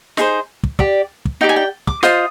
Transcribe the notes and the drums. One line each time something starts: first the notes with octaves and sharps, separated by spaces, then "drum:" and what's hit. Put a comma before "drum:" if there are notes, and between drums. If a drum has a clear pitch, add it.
D#4 G#4 C5, drum: snare
drum: kick
G4 D5, drum: kick
drum: kick
D#4 G4 D5 G5
G#5
G5
D6, drum: kick
F4 C5 D#5 D#6, drum: snare